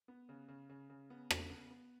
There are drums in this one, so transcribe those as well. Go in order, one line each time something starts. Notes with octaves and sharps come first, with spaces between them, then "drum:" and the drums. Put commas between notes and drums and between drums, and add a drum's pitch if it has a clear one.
B3
C#3
C#3
C#3
C#3
B3
C#3, drum: rim click
B3
B3